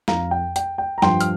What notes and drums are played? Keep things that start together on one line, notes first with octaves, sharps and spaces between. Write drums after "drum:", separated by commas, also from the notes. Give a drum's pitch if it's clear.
F2 F3 F5 A#5, drum: snare
G5
G5, drum: hi-hat
G5
A#5
G2 F3 G5 C6, drum: snare
F6, drum: hi-hat